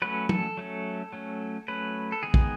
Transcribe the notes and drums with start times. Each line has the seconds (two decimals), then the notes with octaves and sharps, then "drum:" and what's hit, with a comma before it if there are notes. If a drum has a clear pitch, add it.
0.02 F#3 A3 C#4 B4
0.29 A4, drum: tom
0.57 F#3 A3 C#4
1.13 F#3 A3 C#4
1.68 F#3 A3 C#4 B4
2.12 A4
2.23 D#3 G#3 B3 G#4
2.34 drum: kick